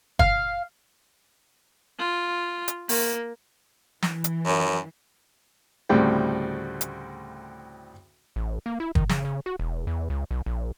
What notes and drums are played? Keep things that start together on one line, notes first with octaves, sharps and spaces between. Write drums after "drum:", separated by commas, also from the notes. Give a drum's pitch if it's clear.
F5, drum: kick
F4
drum: hi-hat
A#3, drum: open hi-hat
E3, drum: snare
drum: hi-hat
F#2
D2 A2 C#3 G3 C4 G5
drum: hi-hat
A1
A#3
E4
D#3, drum: kick
C#3, drum: snare
C#3
F#4
E1
E2
C#2
B1
A#1